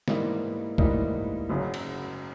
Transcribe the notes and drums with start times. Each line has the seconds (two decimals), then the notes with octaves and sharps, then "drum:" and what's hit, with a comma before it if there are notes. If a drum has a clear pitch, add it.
0.08 G#2 E3 G3 A#3 D#4, drum: snare
0.78 G#2 E3 G3 A#3 D#4, drum: kick F#1
1.49 F#1 F#2 C#3 F#3
1.74 drum: cymbal